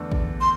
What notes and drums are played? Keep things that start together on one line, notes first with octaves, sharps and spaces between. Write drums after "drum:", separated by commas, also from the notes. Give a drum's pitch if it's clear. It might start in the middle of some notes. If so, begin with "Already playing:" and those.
Already playing: E2 D3 A3 D4 A4
drum: kick
C6